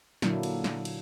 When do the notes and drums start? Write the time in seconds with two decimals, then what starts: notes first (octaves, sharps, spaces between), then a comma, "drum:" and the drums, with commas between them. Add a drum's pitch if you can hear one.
0.22 A#2 D3 F#3 A#3 D4 E4, drum: snare
0.43 drum: cymbal
0.64 drum: snare
0.85 drum: cymbal